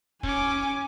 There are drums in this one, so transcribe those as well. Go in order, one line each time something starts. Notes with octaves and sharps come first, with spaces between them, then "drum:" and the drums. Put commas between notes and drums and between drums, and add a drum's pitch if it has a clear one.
C#4 G#5 D6, drum: kick